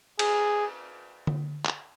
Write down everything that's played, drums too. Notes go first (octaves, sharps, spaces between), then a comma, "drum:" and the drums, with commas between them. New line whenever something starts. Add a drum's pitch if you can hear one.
G#4, drum: cymbal
drum: tom D3
drum: clap